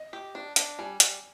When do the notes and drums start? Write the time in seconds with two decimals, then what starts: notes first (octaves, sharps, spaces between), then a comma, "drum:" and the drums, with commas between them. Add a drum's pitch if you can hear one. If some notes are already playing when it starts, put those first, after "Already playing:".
Already playing: D#5
0.13 G4
0.35 D4
0.56 D4, drum: hi-hat
0.78 G3 G#5
1.00 G3, drum: hi-hat